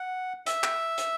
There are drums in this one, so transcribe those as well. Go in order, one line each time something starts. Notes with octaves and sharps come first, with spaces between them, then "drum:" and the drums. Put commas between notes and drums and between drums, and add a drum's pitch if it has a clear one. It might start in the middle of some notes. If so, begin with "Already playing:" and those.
Already playing: F#5
E5, drum: hi-hat
drum: clap
drum: hi-hat